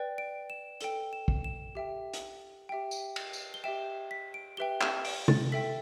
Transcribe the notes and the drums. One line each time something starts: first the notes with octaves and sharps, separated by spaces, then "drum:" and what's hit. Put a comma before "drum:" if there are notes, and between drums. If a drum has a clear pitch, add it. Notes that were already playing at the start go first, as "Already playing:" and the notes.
Already playing: B4 D5 G5
D7
E7
A4 G5 G7, drum: hi-hat
E7
drum: kick
E7
G4 E5 G5
drum: hi-hat
G4 E5 G5
drum: tambourine
drum: cymbal
drum: tambourine
G7
G4 E5 G5 E7
B6
D7
G4 B4 E5 G5 G7
E7, drum: clap
D7, drum: open hi-hat
A6, drum: tom C3
A4 E5 G5 B6